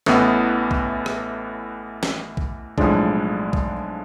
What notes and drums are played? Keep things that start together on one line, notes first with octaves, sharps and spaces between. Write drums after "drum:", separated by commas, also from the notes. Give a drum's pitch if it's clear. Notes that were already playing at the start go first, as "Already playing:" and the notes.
A1 A2 E3 B3, drum: snare
drum: kick
drum: rim click
drum: snare
drum: kick
B1 A2 F3 G#3 D4, drum: kick
drum: kick